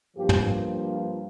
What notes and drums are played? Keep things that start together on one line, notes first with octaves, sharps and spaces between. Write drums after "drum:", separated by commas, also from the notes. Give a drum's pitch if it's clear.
G2 F3 A#3 G4
drum: tom
F4